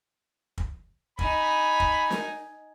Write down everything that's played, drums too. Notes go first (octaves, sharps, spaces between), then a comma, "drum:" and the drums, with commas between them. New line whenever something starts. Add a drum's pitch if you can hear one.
drum: kick
D#4 G#5 B5, drum: kick
drum: kick
drum: snare